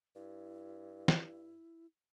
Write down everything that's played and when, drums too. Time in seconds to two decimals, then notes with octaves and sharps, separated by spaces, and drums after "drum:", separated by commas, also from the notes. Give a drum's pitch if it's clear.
0.16 G2 E4
1.08 drum: snare